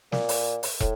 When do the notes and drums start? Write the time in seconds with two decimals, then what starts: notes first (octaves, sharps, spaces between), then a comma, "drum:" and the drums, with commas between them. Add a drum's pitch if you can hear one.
0.12 A#2, drum: snare
0.29 drum: open hi-hat
0.63 drum: open hi-hat
0.80 A2, drum: kick